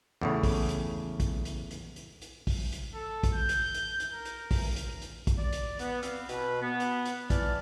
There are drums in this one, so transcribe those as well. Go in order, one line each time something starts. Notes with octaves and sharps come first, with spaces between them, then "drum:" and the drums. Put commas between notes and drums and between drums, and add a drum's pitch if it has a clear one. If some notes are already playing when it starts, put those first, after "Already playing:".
E2 A2 C#3
drum: kick, open hi-hat
drum: hi-hat
drum: kick, hi-hat
drum: hi-hat
drum: hi-hat
drum: hi-hat
drum: hi-hat
drum: kick, open hi-hat
drum: hi-hat
A4
drum: kick, hi-hat
G6
drum: hi-hat
drum: hi-hat
drum: hi-hat
A#4
drum: hi-hat
drum: kick, open hi-hat
drum: hi-hat
drum: hi-hat
drum: kick, hi-hat
D5
drum: hi-hat
B3, drum: hi-hat
B3 C4 F5, drum: hi-hat
B2 B4, drum: hi-hat
B3
drum: hi-hat
drum: hi-hat
E3 D5 A5 F6, drum: kick, hi-hat